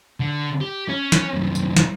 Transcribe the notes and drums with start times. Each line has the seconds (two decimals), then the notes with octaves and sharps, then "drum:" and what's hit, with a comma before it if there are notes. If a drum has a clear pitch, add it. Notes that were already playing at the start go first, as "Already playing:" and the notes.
0.20 D3
0.61 G4
0.89 C#4
1.12 drum: snare
1.34 C2 F#2
1.55 drum: tambourine
1.76 drum: snare